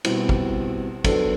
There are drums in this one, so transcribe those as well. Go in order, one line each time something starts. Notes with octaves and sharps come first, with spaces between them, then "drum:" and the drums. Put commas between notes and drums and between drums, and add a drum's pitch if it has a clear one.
B2 G3 C4 E4, drum: cymbal
drum: kick
F#3 B3 D4 A4 C5, drum: kick, cymbal